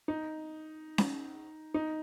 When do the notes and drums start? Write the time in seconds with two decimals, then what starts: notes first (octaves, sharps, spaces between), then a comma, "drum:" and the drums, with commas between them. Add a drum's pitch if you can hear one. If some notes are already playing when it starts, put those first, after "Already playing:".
0.08 D#4
0.98 drum: snare C#4
1.74 D#4